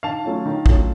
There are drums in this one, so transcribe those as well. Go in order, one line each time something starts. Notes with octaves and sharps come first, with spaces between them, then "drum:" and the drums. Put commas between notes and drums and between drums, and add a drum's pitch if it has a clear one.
D#3 F5 A5
F#3 A3 C#4 F4
D#3
F#3 A3 C#4 F4, drum: kick